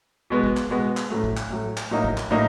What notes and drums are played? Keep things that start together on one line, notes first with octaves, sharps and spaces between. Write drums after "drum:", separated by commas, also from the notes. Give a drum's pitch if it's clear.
B2 G#3 B3
drum: kick
drum: clap
B2 G#3 B3
drum: clap
A2 F#3 A3
drum: kick
drum: clap
A2 F#3 A3
drum: clap
A2 F#3 A#3 D#4
drum: kick
drum: clap
A2 F#3 A#3 D#4